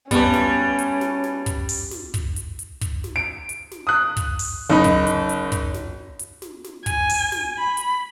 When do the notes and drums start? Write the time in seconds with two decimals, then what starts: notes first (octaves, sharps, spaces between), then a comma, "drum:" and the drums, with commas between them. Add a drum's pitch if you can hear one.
0.11 G2 G3 B3 C#4, drum: kick, hi-hat
0.33 drum: snare
0.79 drum: hi-hat
1.01 drum: snare
1.24 drum: snare
1.46 drum: kick, hi-hat
1.69 drum: open hi-hat
1.91 drum: snare
2.14 drum: kick, hi-hat
2.36 drum: hi-hat
2.59 drum: hi-hat
2.81 drum: kick, hi-hat
3.04 drum: snare
3.16 D7
3.49 drum: hi-hat
3.71 drum: snare
3.87 D#6 F#6
4.17 drum: kick, hi-hat
4.39 drum: open hi-hat
4.70 F#1 D#4 B5
4.84 drum: kick, hi-hat
5.07 drum: hi-hat
5.29 drum: hi-hat
5.52 drum: kick, hi-hat
5.74 drum: snare
6.19 drum: hi-hat
6.42 drum: snare
6.64 drum: snare
6.86 G#5, drum: kick, hi-hat
7.09 drum: open hi-hat
7.32 drum: snare
7.58 B5
7.77 drum: hi-hat